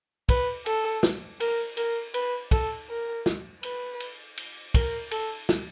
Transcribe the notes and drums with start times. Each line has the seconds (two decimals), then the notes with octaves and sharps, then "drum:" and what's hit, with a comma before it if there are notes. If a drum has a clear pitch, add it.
0.29 B4, drum: kick, cymbal
0.66 A4, drum: cymbal
1.03 drum: snare
1.40 A#4, drum: cymbal
1.77 A#4, drum: cymbal
2.14 B4, drum: cymbal
2.51 A4, drum: kick, cymbal
2.89 A#4
3.26 drum: snare
3.63 B4, drum: cymbal
4.00 drum: cymbal
4.37 drum: cymbal
4.74 A#4, drum: kick, cymbal
5.11 A4, drum: cymbal
5.49 drum: snare